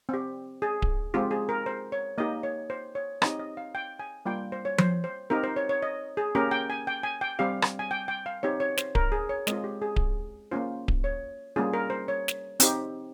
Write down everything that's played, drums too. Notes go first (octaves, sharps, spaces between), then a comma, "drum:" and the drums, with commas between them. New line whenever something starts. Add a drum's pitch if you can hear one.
C4 G4
G#4
drum: kick D1
G#3 C4 F4 G4
G#4
A#4
C5
C#5
A#3 D#4 G4 D#5
C#5
C5
C#5
C4 D#4 G4 D#5, drum: rim click
D#5
F5
G5
G#5
G3 A#3 F4 G5
C5
C#5
C5, drum: tom F3
C5
C4 D#4 G4 A#4
C5
C#5
C#5
D#5
G#4
A#3 C#4 G4 A#4
G5
G#5
G5
G#5
G5
G3 C4 G4 F5
drum: rim click
G#5
G5
G5
F5
C4 D#4 G4 C#5
C#5
C5, drum: snare
A#4, drum: kick D1
G#4
C#5
G#3 C4 F4 D#5, drum: snare
G4
G#4
drum: kick D1
A#3 C#4 F4 C5
drum: kick D1
C#5
G3 A#3 C#4 F4 G#4
A#4
C5
C#5
drum: snare
C4 D#4 G4, drum: hi-hat